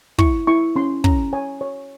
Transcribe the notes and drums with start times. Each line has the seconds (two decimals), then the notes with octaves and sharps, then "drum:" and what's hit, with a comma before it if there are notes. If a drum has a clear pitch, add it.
0.18 E4 C#6, drum: kick
0.47 E4 C#6
0.76 C#4 C6
1.04 C#4 A#5, drum: kick
1.33 C#5 G#5
1.61 C#5